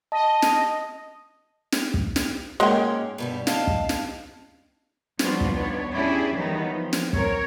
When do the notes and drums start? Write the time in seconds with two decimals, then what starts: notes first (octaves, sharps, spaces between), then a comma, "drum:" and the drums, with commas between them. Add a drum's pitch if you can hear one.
0.12 D#5 A5
0.42 drum: snare
1.72 drum: snare
1.94 drum: kick
2.16 drum: snare
2.60 G#2 G#3 A#3 C#4 G5
3.18 G2 B2 G3
3.47 D#5 F5 A5, drum: snare
3.67 drum: kick
3.89 drum: snare
5.19 F3 G3 B3 D4 F4 F#4, drum: snare
5.41 drum: kick
5.54 D#2 B3 D4 C#5
5.92 C#4 D4 E4 G4 G#4 D5
6.36 D#3 E3 F#3 G3 B3 D#4
6.72 F3
6.93 drum: snare
7.13 F#3 C4 A#4 C#5, drum: kick